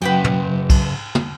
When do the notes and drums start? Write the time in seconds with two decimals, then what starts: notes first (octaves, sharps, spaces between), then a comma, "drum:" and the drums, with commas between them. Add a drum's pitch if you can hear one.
0.02 F#2 C#3 F#3 B4 F#5 G5
0.24 drum: tom
0.70 drum: kick B1, cymbal
1.15 drum: tom